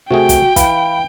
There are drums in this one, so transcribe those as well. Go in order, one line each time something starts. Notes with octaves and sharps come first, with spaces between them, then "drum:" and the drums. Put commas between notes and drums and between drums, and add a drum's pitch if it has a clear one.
C3 A3 F#4 G#4 G5
drum: kick, hi-hat
E3 F5 B5, drum: kick, hi-hat